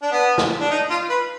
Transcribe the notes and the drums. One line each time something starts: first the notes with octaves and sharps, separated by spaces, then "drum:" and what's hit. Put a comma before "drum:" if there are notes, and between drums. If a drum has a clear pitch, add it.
D4
B3
drum: snare
D4
D#4
F4
B4